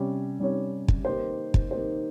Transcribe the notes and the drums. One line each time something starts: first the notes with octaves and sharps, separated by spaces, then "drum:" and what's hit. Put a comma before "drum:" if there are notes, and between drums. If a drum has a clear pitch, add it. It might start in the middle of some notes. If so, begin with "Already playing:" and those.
Already playing: C3 G3 C#4 G4 C#5
C3 G3 C#4 G4 C#5
drum: kick
D#3 A#3 D#4 G4 C5
drum: kick
D#3 A#3 D#4 G4 C5